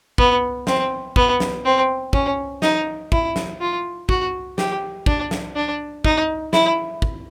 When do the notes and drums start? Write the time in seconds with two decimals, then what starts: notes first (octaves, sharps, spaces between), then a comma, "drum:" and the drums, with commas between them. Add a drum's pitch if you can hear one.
0.18 B3, drum: kick
0.67 C4, drum: snare
1.16 B3, drum: kick
1.40 drum: snare
1.65 C4
2.13 C#4, drum: kick
2.62 D#4, drum: snare
3.12 E4, drum: kick
3.36 drum: snare
3.60 F4
4.09 F#4, drum: kick
4.58 G4, drum: snare
5.06 D4, drum: kick
5.31 drum: snare
5.56 D4
6.05 D#4, drum: kick
6.53 E4, drum: snare
7.02 drum: kick